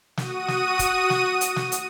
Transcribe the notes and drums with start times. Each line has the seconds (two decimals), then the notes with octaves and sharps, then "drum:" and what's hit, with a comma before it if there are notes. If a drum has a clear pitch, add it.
0.17 F#4 D#6 D#7, drum: snare
0.48 drum: snare
0.79 drum: kick, hi-hat
1.10 drum: snare
1.41 drum: hi-hat
1.56 drum: snare
1.72 drum: hi-hat